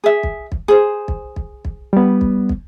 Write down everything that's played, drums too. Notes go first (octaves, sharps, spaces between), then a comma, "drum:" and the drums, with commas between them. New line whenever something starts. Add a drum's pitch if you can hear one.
G#4 E5
drum: kick
drum: kick
G#4 C5
drum: kick
drum: kick
drum: kick
G3 B3
drum: kick
drum: kick